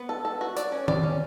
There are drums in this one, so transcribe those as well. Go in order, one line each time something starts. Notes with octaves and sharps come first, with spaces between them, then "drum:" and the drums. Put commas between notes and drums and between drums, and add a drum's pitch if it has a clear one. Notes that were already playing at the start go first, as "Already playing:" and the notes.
Already playing: B3
A4
A4
F#4
D5, drum: hi-hat
C#4
D5, drum: tom D#3
C#4